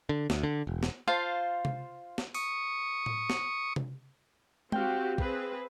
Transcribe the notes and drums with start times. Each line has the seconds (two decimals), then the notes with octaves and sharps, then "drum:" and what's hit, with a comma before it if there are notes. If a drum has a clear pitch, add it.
0.09 D3
0.30 D2, drum: snare
0.43 D3
0.67 E1
0.83 drum: snare
1.08 F4 C5 F5 A5
1.65 drum: tom C3
2.18 drum: snare
2.35 C#6 D#6, drum: open hi-hat
3.06 drum: tom A2
3.30 drum: snare
3.76 drum: tom C3
4.72 C4 F#4 G4 F5 G5, drum: tom G#3
5.18 C4 G#4 B4, drum: kick